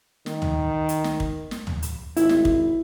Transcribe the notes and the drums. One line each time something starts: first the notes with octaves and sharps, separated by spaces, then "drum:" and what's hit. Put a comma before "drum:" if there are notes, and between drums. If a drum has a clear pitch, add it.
D#3, drum: snare
drum: tom
drum: hi-hat
drum: snare
drum: kick
drum: snare
drum: tom
drum: hi-hat
G#1 E4, drum: hi-hat
drum: snare
drum: kick